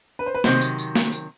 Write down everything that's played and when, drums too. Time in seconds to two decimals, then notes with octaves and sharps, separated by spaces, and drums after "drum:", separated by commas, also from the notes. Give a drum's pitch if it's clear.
0.19 B4
0.26 C5
0.35 B4
0.44 C3 D#3 F#3 C5, drum: snare
0.61 drum: tambourine
0.78 drum: tambourine
0.95 drum: snare
1.12 drum: tambourine